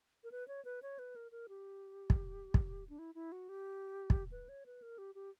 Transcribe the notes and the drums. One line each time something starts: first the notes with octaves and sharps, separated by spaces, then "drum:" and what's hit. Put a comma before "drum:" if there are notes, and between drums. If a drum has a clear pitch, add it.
A#4
B4
C#5
B4
C#5
B4
A#4
A#4
G4
drum: kick
drum: kick
D4
E4
E4
F#4
G4
drum: kick
B4
C#5
B4
A#4
G4
G4